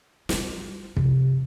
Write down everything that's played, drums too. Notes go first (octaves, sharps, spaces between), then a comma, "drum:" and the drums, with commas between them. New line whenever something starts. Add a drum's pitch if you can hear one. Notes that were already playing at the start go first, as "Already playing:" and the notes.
G3 F4, drum: snare
C3 F3, drum: kick